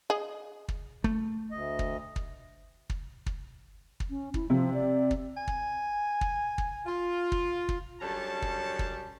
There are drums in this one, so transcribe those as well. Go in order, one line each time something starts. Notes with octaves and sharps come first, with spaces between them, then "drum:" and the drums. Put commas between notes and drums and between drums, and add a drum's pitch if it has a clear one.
G#4 D#5
drum: kick
A3, drum: kick
D2 D#5
drum: kick
drum: kick
drum: kick
drum: kick
drum: kick
C#4
E4, drum: kick
C3 F3
D5
drum: kick
G#5
drum: kick
drum: kick
drum: kick
F4
drum: kick
drum: kick
F#2 D3 G3 C#4 A5
drum: kick
drum: kick